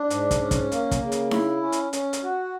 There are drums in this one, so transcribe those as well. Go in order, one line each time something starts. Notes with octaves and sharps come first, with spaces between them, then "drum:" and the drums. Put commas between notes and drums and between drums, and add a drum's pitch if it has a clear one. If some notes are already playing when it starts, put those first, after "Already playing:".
Already playing: D4
G#2, drum: hi-hat
drum: kick, hi-hat
C#4
drum: kick, hi-hat
A#3, drum: hi-hat
drum: kick, hi-hat
C#3
drum: hi-hat
E4, drum: snare D#4
C#4
drum: hi-hat
C#4, drum: hi-hat
drum: hi-hat
F#4